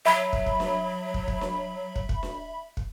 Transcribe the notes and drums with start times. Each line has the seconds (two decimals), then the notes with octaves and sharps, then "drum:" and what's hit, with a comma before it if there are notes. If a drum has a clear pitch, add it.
0.06 F#3 E5 B5
0.33 drum: kick
0.46 drum: kick
0.60 drum: snare D4
1.14 drum: kick
1.28 drum: kick
1.41 drum: snare D4
1.96 drum: kick
2.09 drum: kick
2.23 drum: snare D4
2.77 drum: kick